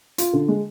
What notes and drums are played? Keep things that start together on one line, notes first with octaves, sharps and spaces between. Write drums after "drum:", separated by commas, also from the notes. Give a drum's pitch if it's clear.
F4, drum: hi-hat
D3
G#3